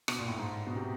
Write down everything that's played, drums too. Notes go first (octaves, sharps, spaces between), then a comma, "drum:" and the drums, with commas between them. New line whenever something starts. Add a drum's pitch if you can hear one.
B2, drum: rim click
A#2
A2
G#2
B2
C3